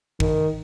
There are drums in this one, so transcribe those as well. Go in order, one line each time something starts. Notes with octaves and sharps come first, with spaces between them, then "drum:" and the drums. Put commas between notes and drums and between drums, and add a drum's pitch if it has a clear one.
D#3, drum: kick